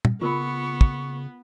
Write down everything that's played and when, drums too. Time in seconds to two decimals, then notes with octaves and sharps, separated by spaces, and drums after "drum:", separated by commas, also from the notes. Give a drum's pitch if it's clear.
0.05 drum: tom A#2
0.21 C#3 B3 F4 A#4 B5 C#6
0.81 drum: kick